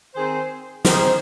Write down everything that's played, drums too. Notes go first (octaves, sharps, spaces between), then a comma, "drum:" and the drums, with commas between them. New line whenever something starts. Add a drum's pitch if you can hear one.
D#3 C4 G#4 C5
D#3 C4 G#4 C5, drum: snare